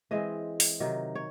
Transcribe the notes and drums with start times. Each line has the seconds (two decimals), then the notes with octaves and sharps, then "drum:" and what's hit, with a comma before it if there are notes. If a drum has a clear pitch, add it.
0.11 E3 G#3 C4 D#5
0.60 drum: open hi-hat
0.80 C3 D#3 F#3
1.15 C#5